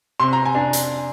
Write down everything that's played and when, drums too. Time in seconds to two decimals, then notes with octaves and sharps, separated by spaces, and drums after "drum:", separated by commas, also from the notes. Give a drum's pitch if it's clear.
0.20 C3 C6
0.33 A#5
0.46 G#5
0.55 D4
0.73 drum: hi-hat